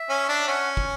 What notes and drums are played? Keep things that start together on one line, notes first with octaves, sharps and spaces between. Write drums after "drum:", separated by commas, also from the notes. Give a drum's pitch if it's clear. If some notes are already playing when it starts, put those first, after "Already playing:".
Already playing: E5
C#4
D4
C#4 F#5
drum: kick